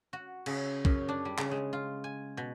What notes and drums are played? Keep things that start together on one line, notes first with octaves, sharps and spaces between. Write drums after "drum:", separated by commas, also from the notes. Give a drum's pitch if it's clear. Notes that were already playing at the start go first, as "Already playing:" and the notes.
F#4
C#3, drum: cymbal
F#2, drum: kick
D4
G3
C#3, drum: clap
G#3
F4
G#5
B2